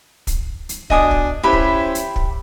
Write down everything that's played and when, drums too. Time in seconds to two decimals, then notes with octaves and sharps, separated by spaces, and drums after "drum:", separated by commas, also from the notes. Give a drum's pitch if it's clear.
0.27 drum: kick, hi-hat
0.69 drum: hi-hat
0.90 B2 D4 D#5 G#5 D#6, drum: kick
1.11 drum: kick
1.43 C#4 E4 G4 B4 C5 B5
1.53 drum: kick
1.95 drum: hi-hat
2.16 drum: kick